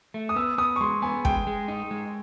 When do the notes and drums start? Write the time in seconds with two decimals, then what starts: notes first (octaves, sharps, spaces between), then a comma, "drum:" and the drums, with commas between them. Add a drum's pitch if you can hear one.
0.14 A3
0.29 D#6
0.36 B3 E6
0.58 B3 D#6
0.76 C#6
0.81 G#3 C6
1.02 B3 G#5
1.25 G#3 G5, drum: kick
1.47 G#3
1.68 D#4
1.91 G#3